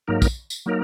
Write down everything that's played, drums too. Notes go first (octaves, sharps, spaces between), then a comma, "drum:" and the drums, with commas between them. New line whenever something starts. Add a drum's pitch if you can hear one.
G#2 F#3 A#3 D#4 A#4
drum: kick, tambourine
drum: tambourine
F#3 A#3 D#4 A#4